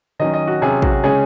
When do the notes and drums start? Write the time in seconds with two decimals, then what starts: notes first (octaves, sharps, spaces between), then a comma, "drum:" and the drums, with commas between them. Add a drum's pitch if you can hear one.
0.19 D#3 F#3 C#4 D#5
0.34 D#5
0.47 F#4
0.62 C3 F#3 C#4 G#4
0.82 F#4, drum: kick A1
1.04 C#3 G#3 C#4 G#4